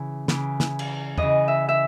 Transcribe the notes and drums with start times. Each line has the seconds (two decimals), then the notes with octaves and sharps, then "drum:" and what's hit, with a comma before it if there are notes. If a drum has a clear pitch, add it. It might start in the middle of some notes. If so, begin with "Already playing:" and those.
Already playing: C#3 E3
0.28 C#3 E3, drum: snare
0.60 drum: snare
0.79 drum: cymbal
1.18 C#3 E3 D#5, drum: tom
1.48 E5
1.69 E5